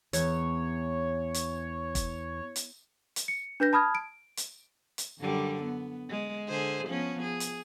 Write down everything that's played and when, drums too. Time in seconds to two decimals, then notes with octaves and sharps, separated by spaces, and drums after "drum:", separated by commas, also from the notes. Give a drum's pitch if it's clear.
0.13 E2 C#5, drum: hi-hat
1.34 drum: hi-hat
1.95 drum: kick, hi-hat
2.56 drum: hi-hat
3.16 drum: hi-hat
3.28 C#7
3.60 D4 B4 G6 A#6
3.73 A5 B5 D#6 F6 G#6
3.95 D7
4.37 drum: hi-hat
4.98 drum: hi-hat
5.19 F#2 D3 G3
5.62 B3
6.10 G#3
6.49 D3 G#4 C5
6.86 F3 B3 C#4
7.23 G#4
7.40 drum: hi-hat